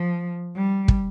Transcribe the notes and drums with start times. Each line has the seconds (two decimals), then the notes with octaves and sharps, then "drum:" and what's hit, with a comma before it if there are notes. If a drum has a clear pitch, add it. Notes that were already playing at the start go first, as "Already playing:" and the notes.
Already playing: F3
0.56 G3
0.88 drum: kick